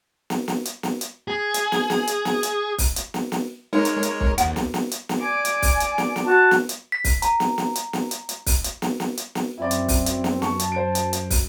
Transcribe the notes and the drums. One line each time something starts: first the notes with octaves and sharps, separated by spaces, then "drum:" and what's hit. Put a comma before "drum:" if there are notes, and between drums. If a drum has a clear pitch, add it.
drum: snare
drum: snare
drum: hi-hat
drum: snare
drum: hi-hat
G#4
drum: hi-hat
drum: snare
drum: snare
drum: hi-hat
drum: snare
drum: hi-hat
drum: kick, open hi-hat
drum: hi-hat
drum: snare
drum: snare
G#3 D#4 A#4 C#5
drum: hi-hat
drum: hi-hat
drum: kick
D#2 F#5, drum: hi-hat
drum: snare
drum: snare
drum: hi-hat
drum: snare
D5 G#5 D6
drum: hi-hat
drum: kick, open hi-hat
drum: hi-hat
drum: snare
drum: snare
F#4 A5
drum: snare
drum: hi-hat
B6
drum: kick, open hi-hat
A#5, drum: hi-hat
drum: snare
drum: snare
drum: hi-hat
drum: snare
drum: hi-hat
drum: hi-hat
drum: kick, open hi-hat
drum: hi-hat
drum: snare
drum: snare
drum: hi-hat
drum: snare
F#2 C4 E4 D5
drum: hi-hat
drum: kick, open hi-hat
drum: hi-hat
drum: snare
A5 C#6, drum: snare
drum: hi-hat
C5 D7
drum: hi-hat
drum: hi-hat
drum: kick, open hi-hat